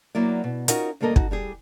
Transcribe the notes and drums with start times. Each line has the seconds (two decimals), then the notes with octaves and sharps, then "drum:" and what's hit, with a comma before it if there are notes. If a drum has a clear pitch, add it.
0.15 F#3 A#3 E4 D5
0.44 B2
0.68 C#4 D#4 F4 F#4 A#4 D#5, drum: hi-hat
1.00 D2 G2 A#3 A4 A#4 D#5
1.16 D#4 F#4, drum: kick
1.31 G3 G4 G#4